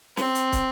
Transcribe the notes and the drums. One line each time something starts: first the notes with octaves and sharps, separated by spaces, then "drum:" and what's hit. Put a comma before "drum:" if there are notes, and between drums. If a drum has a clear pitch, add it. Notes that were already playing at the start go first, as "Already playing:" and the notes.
C4, drum: snare
drum: hi-hat
drum: kick, hi-hat